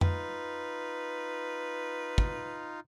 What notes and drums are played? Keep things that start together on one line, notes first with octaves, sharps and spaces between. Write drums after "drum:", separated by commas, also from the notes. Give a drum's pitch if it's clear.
D#4 F4 B4, drum: tom F2
drum: kick